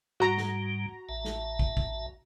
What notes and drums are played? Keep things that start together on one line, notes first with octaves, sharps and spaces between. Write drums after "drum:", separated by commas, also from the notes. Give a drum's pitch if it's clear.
G#2 G3 F#4 A#5
drum: snare
A1 E5 A5
drum: snare
drum: kick
drum: kick